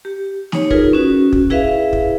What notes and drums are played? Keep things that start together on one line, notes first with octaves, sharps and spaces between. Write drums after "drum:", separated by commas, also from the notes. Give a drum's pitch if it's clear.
G4
D#4 C#5, drum: snare
D#4 F4 G#4 A#4 B4, drum: kick
C#4 F#4
drum: kick
E4 G#4 B4 E5 F5, drum: kick
drum: kick